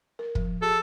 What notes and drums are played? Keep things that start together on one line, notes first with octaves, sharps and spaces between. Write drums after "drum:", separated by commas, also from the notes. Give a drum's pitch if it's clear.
A#4
F3, drum: kick
F#4 G#4 A4